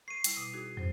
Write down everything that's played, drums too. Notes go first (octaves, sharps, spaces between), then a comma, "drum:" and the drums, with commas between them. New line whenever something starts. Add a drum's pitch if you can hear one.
C#6 C7 D#7
G3 E4, drum: hi-hat
B2 D6
D#4 F#4 G#4
F2 F#3 C5